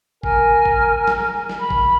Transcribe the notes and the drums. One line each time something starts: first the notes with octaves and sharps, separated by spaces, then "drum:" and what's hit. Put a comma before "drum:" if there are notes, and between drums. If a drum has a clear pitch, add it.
A#4 G#5, drum: kick
drum: kick
drum: snare
drum: snare
B5
drum: kick